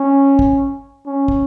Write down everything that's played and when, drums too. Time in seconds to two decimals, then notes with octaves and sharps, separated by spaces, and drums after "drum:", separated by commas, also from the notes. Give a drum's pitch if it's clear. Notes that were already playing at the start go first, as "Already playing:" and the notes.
Already playing: C#4
0.39 drum: kick
1.07 C#4
1.28 drum: kick